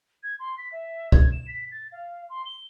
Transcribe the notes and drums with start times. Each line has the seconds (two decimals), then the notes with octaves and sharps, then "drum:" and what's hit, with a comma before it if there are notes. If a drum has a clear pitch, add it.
0.23 G#6
0.39 C6
0.58 B6
0.72 E5
1.12 G#6, drum: kick
1.32 E7
1.47 B6
1.71 A6
1.92 F5
2.30 C6
2.45 G7